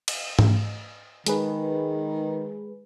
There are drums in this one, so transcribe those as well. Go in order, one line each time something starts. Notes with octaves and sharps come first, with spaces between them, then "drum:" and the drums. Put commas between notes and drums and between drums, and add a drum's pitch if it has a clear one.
drum: cymbal
drum: tom G#2
D#3 G#3 G#4 B4, drum: hi-hat